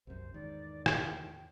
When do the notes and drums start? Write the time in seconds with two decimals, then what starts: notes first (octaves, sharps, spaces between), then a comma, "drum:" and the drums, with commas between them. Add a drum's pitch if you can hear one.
0.07 C2 F#2 C5
0.34 E2 G#2 D#3 D5
0.86 G5, drum: rim click